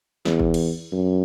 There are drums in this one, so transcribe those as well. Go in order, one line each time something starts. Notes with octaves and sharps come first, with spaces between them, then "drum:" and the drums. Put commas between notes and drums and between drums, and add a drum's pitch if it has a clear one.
E2, drum: snare
drum: kick G1
drum: cymbal
F#2